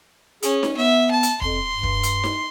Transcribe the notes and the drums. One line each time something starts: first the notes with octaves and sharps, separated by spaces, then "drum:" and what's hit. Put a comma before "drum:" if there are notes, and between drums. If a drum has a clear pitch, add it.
C#4 G#4, drum: hi-hat
drum: snare D#4
B3 E5
A5
drum: hi-hat
F2 C6, drum: kick
G2
drum: kick
drum: hi-hat
drum: snare D#4